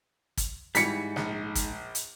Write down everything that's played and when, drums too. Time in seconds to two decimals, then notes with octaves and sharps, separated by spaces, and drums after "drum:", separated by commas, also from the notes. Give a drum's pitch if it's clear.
0.37 drum: kick, hi-hat
0.75 G#2 E3 G3 B6 C#7, drum: hi-hat
1.16 A#1, drum: snare
1.55 drum: kick, hi-hat
1.95 drum: hi-hat